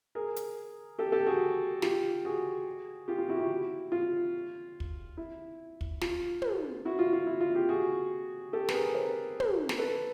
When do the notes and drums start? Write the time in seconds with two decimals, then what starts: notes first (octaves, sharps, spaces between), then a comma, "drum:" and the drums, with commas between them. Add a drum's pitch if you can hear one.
0.15 G#4 A#4
0.36 drum: hi-hat
0.99 G4 A4
1.12 G4 A4
1.27 F#4 G#4
1.82 F4 G4, drum: snare
2.25 F#4 G#4
3.08 F4 G4
3.18 F4
3.29 E4 F#4
3.35 G4
3.39 E4 F#4
3.92 F4
4.80 drum: kick
5.17 E4
5.81 drum: kick
6.01 F4, drum: snare
6.42 drum: tom
6.85 E4 F#4
6.99 F4
7.13 F4
7.27 E4
7.41 F4
7.55 F4 G4
7.69 F#4 G#4
8.53 G4 A4
8.69 B4, drum: snare
8.74 G#4 A#4
8.94 A#4 C5
9.40 drum: tom
9.69 drum: snare
9.78 A4 B4